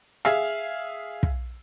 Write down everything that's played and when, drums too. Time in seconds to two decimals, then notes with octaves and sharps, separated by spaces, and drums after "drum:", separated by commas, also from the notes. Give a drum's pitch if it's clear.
0.25 G#4 E5 F5, drum: rim click
1.23 drum: kick